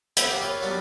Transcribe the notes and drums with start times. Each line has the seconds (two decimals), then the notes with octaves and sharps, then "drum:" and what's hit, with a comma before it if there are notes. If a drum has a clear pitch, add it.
0.17 B3 E5 C6, drum: hi-hat
0.30 A#3 C4 G4
0.42 F4 B4 C#5
0.62 F#3 G3 A#3 B3 D4